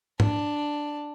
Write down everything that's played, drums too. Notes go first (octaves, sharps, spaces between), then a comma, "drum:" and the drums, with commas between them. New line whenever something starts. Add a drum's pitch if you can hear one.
D4, drum: tom